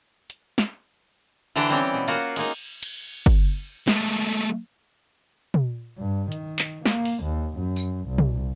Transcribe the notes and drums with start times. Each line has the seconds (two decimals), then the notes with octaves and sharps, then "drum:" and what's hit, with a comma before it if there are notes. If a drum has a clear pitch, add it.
0.30 drum: hi-hat
0.58 drum: snare
1.56 D3 E3 D4 G4 C5 A#5
1.70 G3 C4 C#4 G4
1.94 B2
2.08 A#3 F4 F#4, drum: hi-hat
2.36 G#3 A#3 D#4, drum: cymbal
2.83 drum: cymbal
3.26 drum: kick
3.88 G#3 A3, drum: snare
5.54 drum: tom
5.99 G2
6.32 D#3, drum: hi-hat
6.59 drum: clap
6.86 A#3, drum: snare
7.05 drum: open hi-hat
7.24 D#2
7.58 F#2
7.76 drum: tambourine
8.09 C2
8.18 drum: tom